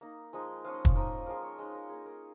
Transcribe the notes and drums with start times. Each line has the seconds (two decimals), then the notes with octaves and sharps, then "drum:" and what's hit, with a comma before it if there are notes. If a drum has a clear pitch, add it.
0.01 A#3 D#4
0.33 F3 G#3 D#4 G#5
0.64 F3 G#3 C#4 F5
0.74 D#5
0.85 F5, drum: kick
0.95 F3 A#3 D#4 A#4
1.27 F3 G#3 F4 A#4
1.43 C#5
1.58 G#3 D#4 D#5
1.75 A#4
1.89 A#3 D#4 G#4
2.06 A#4